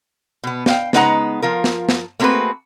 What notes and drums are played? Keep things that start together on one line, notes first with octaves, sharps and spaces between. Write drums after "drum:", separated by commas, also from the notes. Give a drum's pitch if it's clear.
B2 B3
D4 F5 G5, drum: snare
C#3 G#3 B3 D#4 F#5 A#5, drum: snare
F3 F4 A#4
drum: snare
drum: snare
A3 A#3 C4 F#4 G#4 B4